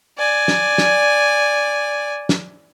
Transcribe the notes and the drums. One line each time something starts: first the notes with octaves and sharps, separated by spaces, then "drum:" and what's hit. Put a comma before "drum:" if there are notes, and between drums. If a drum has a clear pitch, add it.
D5 G#5
drum: snare
drum: snare
drum: snare